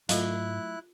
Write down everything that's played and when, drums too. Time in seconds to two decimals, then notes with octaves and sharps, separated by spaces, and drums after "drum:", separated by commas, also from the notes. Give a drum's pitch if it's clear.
0.09 G#2 F#3 A3 E4 F4 D#5 F5 F#6, drum: hi-hat